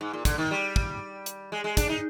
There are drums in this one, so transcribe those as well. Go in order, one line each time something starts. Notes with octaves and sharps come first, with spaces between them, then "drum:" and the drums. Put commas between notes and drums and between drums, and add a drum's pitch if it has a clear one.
G#2
A#2
D3, drum: kick, hi-hat
D#3
G3
drum: kick
drum: hi-hat
G#3
G#3
D4, drum: kick, hi-hat
D#4